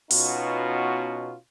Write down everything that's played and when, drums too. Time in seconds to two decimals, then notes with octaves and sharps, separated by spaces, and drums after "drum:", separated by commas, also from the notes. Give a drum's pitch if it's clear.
0.11 B2 B3 C#4 D#4 F4 F#4, drum: open hi-hat